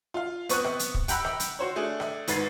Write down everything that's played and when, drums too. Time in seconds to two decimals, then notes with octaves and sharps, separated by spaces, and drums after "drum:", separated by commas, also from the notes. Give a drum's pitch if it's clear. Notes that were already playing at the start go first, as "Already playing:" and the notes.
0.14 F4 F5
0.49 B3 C4 C#6 D#6 F#6 D#7, drum: hi-hat
0.64 drum: rim click
0.79 drum: hi-hat
0.94 drum: kick
1.08 F#5 G5 A#5 B5 E6 F#6, drum: hi-hat
1.25 drum: rim click
1.40 drum: hi-hat
1.59 F#4 C5 C#5
1.76 A3 D4 G#4
2.00 drum: rim click
2.27 G#1 G#2 B4 A6 C7, drum: hi-hat